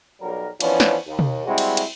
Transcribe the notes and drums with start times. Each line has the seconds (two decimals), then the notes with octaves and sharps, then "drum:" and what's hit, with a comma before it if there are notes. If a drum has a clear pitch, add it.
0.21 B1 F#3 G3 A#4
0.60 E3 F3 B3 C#4 D4, drum: cymbal
0.80 drum: snare
1.07 D#2
1.19 drum: tom
1.46 G3 G#3 C4 E4 F#4
1.58 drum: cymbal
1.77 drum: cymbal